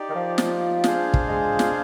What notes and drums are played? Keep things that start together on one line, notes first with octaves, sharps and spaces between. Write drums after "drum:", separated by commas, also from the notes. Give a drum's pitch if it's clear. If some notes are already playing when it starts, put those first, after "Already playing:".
Already playing: D#4 G4 D5
D#3
F3
drum: snare
D4 F4 G#4 C5 F5, drum: snare
drum: kick
G#3
drum: snare